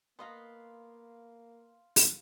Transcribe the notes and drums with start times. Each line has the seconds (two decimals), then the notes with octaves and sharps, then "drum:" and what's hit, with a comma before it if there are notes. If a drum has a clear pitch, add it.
0.19 A#3 B3 D#5 F5 A#5 C6
1.96 drum: open hi-hat